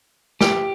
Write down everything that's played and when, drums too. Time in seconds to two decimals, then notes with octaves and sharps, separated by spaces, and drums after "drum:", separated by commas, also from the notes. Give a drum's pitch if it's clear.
0.41 G4, drum: snare